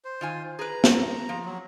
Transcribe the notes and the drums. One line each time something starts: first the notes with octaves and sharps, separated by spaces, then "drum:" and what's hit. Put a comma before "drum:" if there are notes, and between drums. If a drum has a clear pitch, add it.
C5
D#3 F4 G#5
G#4 B4 A#5
drum: snare
F3
F#3